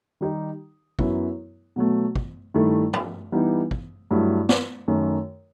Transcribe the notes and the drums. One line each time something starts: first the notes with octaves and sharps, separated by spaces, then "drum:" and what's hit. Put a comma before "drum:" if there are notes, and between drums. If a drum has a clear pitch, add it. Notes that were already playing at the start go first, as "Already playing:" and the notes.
D#3 G3 D#4 G4
F#2 F#3 B3 E4, drum: kick
B2 F#3 A3
drum: kick
G2 D#3 A3 E4 A4
drum: tom
E3 G3 B3 D#4 G4
drum: kick
G2 F#3 A3 E4
drum: snare
F#2 D#3 A3